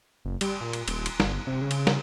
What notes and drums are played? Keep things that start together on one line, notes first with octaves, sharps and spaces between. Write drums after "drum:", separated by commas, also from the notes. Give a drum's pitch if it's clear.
F#1
G3, drum: cymbal
A#2
drum: cymbal
D#1, drum: cymbal
drum: cymbal
G1, drum: snare
C3
C#3
drum: cymbal
drum: snare